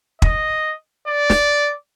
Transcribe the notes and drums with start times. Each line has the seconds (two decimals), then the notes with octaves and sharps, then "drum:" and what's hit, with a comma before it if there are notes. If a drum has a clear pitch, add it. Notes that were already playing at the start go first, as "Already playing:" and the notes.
0.22 D#5, drum: kick
1.07 D5
1.30 drum: snare